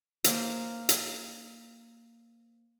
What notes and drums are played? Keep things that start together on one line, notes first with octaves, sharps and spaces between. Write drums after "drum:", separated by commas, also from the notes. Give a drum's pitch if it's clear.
A#3 A#4 C5, drum: hi-hat
drum: hi-hat